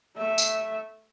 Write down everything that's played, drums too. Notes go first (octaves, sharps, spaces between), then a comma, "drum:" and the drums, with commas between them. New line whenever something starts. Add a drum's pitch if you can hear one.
A3 E5
drum: tambourine